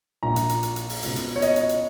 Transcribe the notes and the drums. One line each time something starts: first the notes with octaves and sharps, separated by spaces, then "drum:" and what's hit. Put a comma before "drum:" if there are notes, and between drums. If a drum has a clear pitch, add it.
A#1 A#2 A#5
drum: hi-hat
drum: hi-hat
drum: hi-hat
drum: hi-hat
drum: open hi-hat
C#2 B2, drum: hi-hat
drum: hi-hat
C#5
D#5, drum: hi-hat
drum: hi-hat
drum: hi-hat